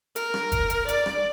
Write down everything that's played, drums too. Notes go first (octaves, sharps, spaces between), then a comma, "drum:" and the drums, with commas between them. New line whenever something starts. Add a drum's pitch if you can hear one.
A#4, drum: hi-hat
drum: rim click
drum: kick, hi-hat
drum: hi-hat
D5, drum: hi-hat
drum: rim click